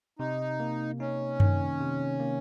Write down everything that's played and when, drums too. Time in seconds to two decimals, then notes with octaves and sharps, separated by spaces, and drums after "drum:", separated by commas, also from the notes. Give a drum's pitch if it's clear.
0.19 C3 D#4
0.60 A#3
1.00 C#4 D#4
1.40 D#3, drum: tom F#2
1.81 C3
2.20 A#3